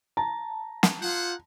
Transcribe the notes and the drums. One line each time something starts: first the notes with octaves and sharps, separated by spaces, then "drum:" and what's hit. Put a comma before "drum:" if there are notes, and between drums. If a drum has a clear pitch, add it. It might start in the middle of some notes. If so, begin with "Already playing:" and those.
A5 A#5
drum: snare
F4 G#4 C5 F#5